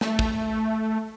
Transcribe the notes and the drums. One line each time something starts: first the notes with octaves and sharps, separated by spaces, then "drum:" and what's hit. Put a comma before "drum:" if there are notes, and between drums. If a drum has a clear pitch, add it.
A3, drum: snare
drum: kick